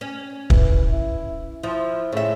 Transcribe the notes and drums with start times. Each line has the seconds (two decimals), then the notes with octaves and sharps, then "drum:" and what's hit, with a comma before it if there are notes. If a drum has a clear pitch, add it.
0.01 C#4
0.50 E3, drum: kick
0.92 E4
1.63 F3 E4
2.12 A2 C#3 E5